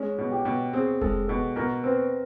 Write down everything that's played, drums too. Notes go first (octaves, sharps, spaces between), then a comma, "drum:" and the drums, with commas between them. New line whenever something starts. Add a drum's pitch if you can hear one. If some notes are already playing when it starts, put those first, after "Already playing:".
Already playing: G#3 C#4
B2
G4
B2
C4 G#4
G#3 A4, drum: kick F1
B2 A4
B2 A#4
C4 B4